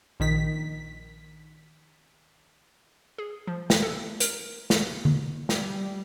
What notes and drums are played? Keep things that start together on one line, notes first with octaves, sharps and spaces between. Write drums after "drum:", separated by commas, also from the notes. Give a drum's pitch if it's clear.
A#1 D#3 B6
G#4
F3
drum: snare
A4
A#4, drum: hi-hat
drum: snare
drum: tom D3
G3, drum: snare